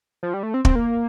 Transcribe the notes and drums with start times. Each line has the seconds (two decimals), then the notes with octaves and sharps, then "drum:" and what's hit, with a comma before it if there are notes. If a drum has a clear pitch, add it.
0.23 F3
0.34 G3
0.43 A3
0.54 C4
0.65 C4, drum: kick
0.76 A#3